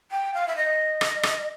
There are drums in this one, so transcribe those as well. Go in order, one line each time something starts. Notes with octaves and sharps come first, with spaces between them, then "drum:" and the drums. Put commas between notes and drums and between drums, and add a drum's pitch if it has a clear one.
G5
F5
E5
D#5
drum: rim click
drum: rim click